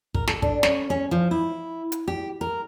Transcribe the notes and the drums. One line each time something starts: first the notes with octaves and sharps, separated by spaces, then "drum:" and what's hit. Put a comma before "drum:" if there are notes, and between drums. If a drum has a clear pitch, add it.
A#4, drum: kick
A4, drum: snare
D4, drum: kick
C#4, drum: snare
C#4
F3
E4
drum: hi-hat
G4
A#4